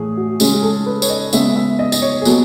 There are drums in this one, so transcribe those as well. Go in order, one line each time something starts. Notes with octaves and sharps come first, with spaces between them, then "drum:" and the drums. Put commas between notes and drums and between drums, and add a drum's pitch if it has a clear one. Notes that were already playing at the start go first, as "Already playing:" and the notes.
Already playing: A2 E3 A3 G#4
F#4
C#3 G#3 C#4 G#4, drum: tambourine
G#4
A4
B4
C#5, drum: tambourine
D#5
C#3 G#3 B3 E5, drum: tambourine
E5
D#5
D#5, drum: tambourine
C#5
G#4
B2 F#3 B3 A4, drum: tambourine